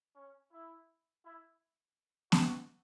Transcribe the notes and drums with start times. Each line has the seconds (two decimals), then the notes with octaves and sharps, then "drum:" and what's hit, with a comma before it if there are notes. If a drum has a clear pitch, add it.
0.16 C#4
0.52 E4
1.24 E4
2.32 F#4, drum: snare B3